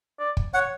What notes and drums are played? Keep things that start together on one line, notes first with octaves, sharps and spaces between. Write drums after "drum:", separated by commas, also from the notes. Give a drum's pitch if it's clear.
D5
drum: kick
C#5 F#5